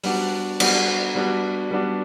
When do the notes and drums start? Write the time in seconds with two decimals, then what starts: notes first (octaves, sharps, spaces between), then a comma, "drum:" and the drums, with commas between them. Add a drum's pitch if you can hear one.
0.04 G3 B3 D4 F#4, drum: open hi-hat
0.60 G3 B3 D4 F#4, drum: cymbal
1.15 G3 B3 D4 F#4
1.71 G3 B3 D4 F#4